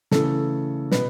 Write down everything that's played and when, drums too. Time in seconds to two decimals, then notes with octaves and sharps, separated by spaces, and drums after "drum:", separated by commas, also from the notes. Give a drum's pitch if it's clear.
0.11 C#3 E3 A3 A4, drum: snare
0.91 B2 B3 B4, drum: snare